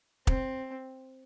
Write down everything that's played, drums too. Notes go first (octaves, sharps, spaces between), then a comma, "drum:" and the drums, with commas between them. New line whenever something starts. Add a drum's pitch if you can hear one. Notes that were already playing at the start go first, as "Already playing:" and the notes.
C4, drum: kick